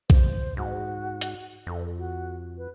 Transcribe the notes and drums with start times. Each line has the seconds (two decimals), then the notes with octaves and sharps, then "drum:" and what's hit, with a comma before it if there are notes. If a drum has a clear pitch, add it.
0.10 C5, drum: kick B1
0.57 G#2 F#4
1.21 drum: hi-hat
1.67 F2 A4
1.98 F#4
2.58 B4